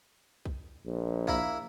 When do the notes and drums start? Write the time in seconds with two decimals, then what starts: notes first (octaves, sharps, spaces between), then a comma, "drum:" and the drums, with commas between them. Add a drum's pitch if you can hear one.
0.45 drum: kick B1
0.86 A#1
1.27 A#3 E4 B5, drum: kick B1